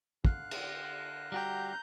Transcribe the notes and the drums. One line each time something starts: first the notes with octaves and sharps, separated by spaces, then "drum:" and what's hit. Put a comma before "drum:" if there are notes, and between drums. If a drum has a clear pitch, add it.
D3 F5 F#6, drum: kick
drum: cymbal
G3 F#4 G4 A#5 G6